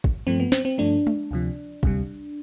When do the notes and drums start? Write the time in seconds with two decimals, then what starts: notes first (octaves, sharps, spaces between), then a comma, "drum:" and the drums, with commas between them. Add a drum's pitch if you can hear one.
0.04 drum: kick
0.27 G2 F3 A3 C4
0.40 B3
0.52 C4, drum: snare
0.65 C4
0.78 G2 F3 A3 D4
1.07 drum: tom G#3
1.31 D2 C3 F3
1.83 D2 C3 G3, drum: kick